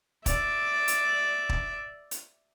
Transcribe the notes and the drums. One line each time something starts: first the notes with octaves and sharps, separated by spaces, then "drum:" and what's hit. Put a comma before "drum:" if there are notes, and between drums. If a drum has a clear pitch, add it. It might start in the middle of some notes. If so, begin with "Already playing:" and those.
D5 E5, drum: kick, hi-hat
drum: hi-hat
drum: kick
drum: hi-hat